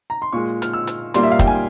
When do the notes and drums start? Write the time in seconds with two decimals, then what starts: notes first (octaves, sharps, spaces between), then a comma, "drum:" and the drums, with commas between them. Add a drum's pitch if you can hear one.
0.10 A#5
0.22 C6
0.33 A#2 G#3 C#6
0.62 F6, drum: hi-hat
0.73 E6
0.87 drum: hi-hat
1.14 A#2 G3 A#3 C6, drum: hi-hat
1.23 E5
1.32 F5
1.39 G5, drum: kick, hi-hat
1.47 G#5